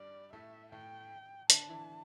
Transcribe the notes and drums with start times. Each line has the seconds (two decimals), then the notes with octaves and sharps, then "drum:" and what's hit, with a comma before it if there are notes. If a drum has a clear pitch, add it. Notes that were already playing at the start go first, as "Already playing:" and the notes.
Already playing: G2 G3 D5
0.33 A2 A3 E5
0.72 A2 A3 G5
1.50 D3 D4 A5, drum: hi-hat
1.69 E3 E4